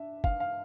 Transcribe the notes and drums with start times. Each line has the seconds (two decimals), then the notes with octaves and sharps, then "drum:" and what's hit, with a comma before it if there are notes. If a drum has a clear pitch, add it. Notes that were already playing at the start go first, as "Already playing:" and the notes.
Already playing: D4 E5
0.24 F5, drum: kick G1
0.40 F5